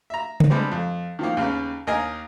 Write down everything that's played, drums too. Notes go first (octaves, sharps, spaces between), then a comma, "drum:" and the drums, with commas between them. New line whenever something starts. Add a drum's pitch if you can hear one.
E5 A#5
drum: tom C#3
D3 G3 G#3 B3 C4
F2
D#3 F3 A#3
D#2 C#3 B3
D#2 A#4 D#5 G#5